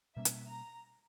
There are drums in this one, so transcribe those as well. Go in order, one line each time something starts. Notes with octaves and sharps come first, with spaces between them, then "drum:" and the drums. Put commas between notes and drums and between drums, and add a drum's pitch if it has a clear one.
B2 G3 A#3 C#4 E5
drum: hi-hat
A#5